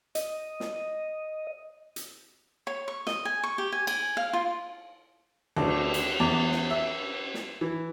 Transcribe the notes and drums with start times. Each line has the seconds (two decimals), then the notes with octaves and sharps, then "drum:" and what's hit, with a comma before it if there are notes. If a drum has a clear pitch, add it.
0.15 D#5, drum: hi-hat
0.60 drum: snare
1.96 drum: hi-hat
2.67 C#5
2.88 C#6
3.07 D#5, drum: snare
3.25 G#5
3.44 C#6
3.58 G4
3.72 G#5
3.87 G#5, drum: cymbal
4.17 F5
4.33 F4
5.57 D2, drum: cymbal
5.94 drum: hi-hat
6.20 E2
6.52 drum: snare
6.70 E5
7.34 drum: snare
7.61 E3